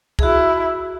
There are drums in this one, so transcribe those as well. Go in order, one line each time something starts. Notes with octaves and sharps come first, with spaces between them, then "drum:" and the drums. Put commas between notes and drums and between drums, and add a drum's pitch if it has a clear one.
G#4, drum: kick C2
E4 F#4